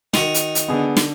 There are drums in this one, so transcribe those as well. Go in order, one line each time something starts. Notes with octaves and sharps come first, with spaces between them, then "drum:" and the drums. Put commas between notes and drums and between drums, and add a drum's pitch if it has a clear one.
D#3 F#4, drum: snare
drum: hi-hat
drum: hi-hat
D3 B3 G#4
drum: snare